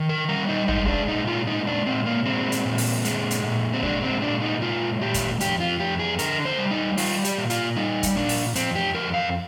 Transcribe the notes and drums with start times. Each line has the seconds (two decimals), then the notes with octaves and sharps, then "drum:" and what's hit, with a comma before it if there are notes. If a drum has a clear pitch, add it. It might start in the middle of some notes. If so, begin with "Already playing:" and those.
Already playing: D#3
0.09 A#4
0.29 G3 A#4
0.49 D#4
0.68 G#3 D#4, drum: tom
0.88 D4
1.07 A#2 D#4
1.27 F4
1.47 G#3 D#4
1.67 D4
1.86 A#2 C4
2.06 A#3
2.25 G#3 C4
2.52 drum: hi-hat
2.65 A#2
2.78 drum: open hi-hat
3.05 G#3, drum: hi-hat
3.31 drum: hi-hat
3.44 A#2
3.74 C4
3.83 G#3 D4, drum: kick
4.03 C4
4.22 A#2 D4
4.42 D#4
4.62 G#3 F4
5.01 A#2 G4
5.14 drum: kick, hi-hat
5.40 F2 G4, drum: hi-hat
5.60 F4
5.80 F2 G4
5.99 G#4
6.19 D3 A#4, drum: hi-hat
6.45 C5
6.58 G3
6.71 D#4
6.98 G3 F4, drum: open hi-hat
7.24 G4, drum: hi-hat
7.38 A#2
7.50 F4, drum: hi-hat
7.76 G3 D#4
8.03 drum: kick, hi-hat
8.16 A#2 D4
8.29 drum: open hi-hat
8.55 F2 C4, drum: hi-hat
8.75 G4
8.94 F2 A#4
9.14 F5